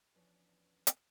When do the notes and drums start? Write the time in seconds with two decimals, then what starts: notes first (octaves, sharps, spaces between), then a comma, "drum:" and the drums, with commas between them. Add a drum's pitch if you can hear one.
0.15 E2 F3 C#4 D4 E4 B4
0.87 drum: hi-hat